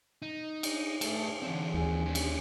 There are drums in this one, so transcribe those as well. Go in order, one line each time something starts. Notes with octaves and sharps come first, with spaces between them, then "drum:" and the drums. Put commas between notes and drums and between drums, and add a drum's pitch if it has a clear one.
D#4
drum: cymbal
A3 B4 A5, drum: cymbal
D3 E3 C4
D#2 G#4
C#4 G4
drum: cymbal